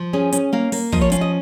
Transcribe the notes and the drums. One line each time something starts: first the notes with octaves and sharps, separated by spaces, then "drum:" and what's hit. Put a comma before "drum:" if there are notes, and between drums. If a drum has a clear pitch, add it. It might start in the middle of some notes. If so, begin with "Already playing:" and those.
Already playing: F3
C#4 G#4
C#4, drum: hi-hat
A#3 F5
A#3, drum: open hi-hat
F3 D#5, drum: kick
C#5
C#4 F5, drum: hi-hat
D#5